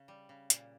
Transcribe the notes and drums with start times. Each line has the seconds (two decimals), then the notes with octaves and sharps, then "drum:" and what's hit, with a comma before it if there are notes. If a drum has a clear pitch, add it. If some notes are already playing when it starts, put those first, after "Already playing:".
Already playing: C#3
0.08 G3
0.29 C#3
0.50 A#2, drum: hi-hat